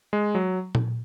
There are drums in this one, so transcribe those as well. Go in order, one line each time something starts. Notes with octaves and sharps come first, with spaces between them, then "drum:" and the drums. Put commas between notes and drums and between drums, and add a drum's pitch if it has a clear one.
G#3
F#3
drum: tom A#2